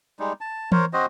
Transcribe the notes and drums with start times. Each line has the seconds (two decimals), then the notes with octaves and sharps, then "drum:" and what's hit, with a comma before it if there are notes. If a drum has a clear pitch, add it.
0.19 G3 G#3 D#4
0.41 A5
0.72 A#4 C5 C#5, drum: tom E3
0.93 C4 F#4 C5 D#5